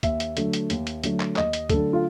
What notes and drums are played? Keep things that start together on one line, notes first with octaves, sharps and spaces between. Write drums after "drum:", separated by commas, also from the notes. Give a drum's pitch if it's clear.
D#2 E5, drum: kick, hi-hat
drum: hi-hat
D3 F#3 A3, drum: hi-hat
drum: hi-hat
D#2, drum: hi-hat
drum: hi-hat
D3 F#3 A3, drum: hi-hat
drum: clap
D#2 D#5, drum: clap
drum: hi-hat
D3 F#3 A3 A4, drum: kick, hi-hat
F4